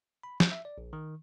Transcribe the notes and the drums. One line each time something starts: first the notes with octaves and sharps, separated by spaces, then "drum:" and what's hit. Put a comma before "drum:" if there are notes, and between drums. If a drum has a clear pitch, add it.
B5
G6, drum: snare
E5
D5
A#1
D#3